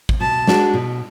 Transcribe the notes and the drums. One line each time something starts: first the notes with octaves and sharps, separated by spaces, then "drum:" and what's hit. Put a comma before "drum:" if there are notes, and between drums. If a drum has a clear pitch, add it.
drum: kick
B2 A5
G#3 D4 F#4, drum: snare
B2